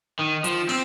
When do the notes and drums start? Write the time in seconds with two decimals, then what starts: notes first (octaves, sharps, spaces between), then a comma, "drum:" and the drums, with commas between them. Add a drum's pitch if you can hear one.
0.19 D#3
0.44 F3, drum: hi-hat
0.69 C4, drum: open hi-hat